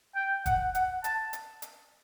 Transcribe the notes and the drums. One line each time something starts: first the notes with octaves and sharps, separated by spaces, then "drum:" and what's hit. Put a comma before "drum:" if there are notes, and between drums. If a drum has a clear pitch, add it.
G5
F#5, drum: kick F1, hi-hat
F#5, drum: hi-hat
A5, drum: hi-hat
drum: hi-hat
drum: hi-hat